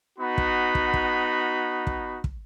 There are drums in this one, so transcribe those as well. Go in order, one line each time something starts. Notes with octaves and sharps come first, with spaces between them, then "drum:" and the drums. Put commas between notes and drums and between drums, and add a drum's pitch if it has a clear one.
B3 D#4 F#4 B5
drum: kick
drum: kick
drum: kick
drum: kick
drum: kick